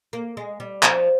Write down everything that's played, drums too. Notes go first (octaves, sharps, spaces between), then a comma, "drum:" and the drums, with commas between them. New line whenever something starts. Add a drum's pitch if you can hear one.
A#3
G#3
G3
F3, drum: clap